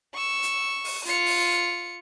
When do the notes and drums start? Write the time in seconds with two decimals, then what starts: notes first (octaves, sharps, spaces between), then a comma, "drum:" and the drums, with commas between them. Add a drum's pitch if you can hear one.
0.15 C#6 E6
0.43 drum: hi-hat
0.84 drum: open hi-hat
1.05 F4 C#7, drum: hi-hat
1.26 drum: open hi-hat